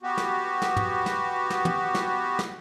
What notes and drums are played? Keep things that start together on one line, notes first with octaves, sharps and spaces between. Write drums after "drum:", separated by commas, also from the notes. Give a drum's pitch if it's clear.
B3 F#4 G4
drum: snare
drum: snare
drum: tom
drum: snare
drum: snare
drum: tom
drum: snare
drum: snare